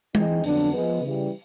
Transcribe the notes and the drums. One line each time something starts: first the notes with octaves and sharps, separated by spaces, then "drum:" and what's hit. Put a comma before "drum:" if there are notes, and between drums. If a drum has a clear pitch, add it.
E3 G#3 C4 D#4, drum: tom G#3
F2 D3 F#3 B3 D4, drum: open hi-hat
F3 G#3 B3
C#3 E3 G3